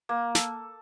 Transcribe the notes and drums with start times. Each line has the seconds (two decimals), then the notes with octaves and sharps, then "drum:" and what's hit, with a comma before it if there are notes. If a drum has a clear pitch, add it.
0.09 A#3
0.35 A4, drum: snare